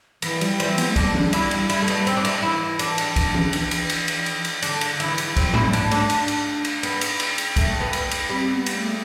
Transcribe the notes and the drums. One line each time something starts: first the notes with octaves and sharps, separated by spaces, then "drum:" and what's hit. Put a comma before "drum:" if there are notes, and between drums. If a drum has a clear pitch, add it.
E3 B3, drum: cymbal
G3, drum: cymbal
E3 C4, drum: cymbal
B3, drum: cymbal
A3
G3 D4, drum: kick, cymbal
drum: tom E3
E4, drum: cymbal
drum: cymbal
E4, drum: cymbal
A3
B3, drum: cymbal
C4, drum: cymbal
D4
E4, drum: cymbal
E3 E4
D4, drum: cymbal
drum: cymbal
drum: kick, cymbal
drum: tom E3
drum: cymbal
drum: cymbal
drum: cymbal
drum: cymbal
drum: cymbal
drum: cymbal
D3 D4, drum: cymbal
drum: cymbal
E3 E4, drum: cymbal
drum: cymbal
F3 C4, drum: kick, cymbal
A3 E4, drum: tom G#2
G3
D4, drum: cymbal
A3
D4, drum: cymbal
drum: cymbal
drum: cymbal
drum: cymbal
B3, drum: cymbal
drum: cymbal
drum: cymbal
drum: cymbal
A3, drum: kick, cymbal
B3
drum: cymbal
drum: cymbal
G3 C4
B3
drum: cymbal
A3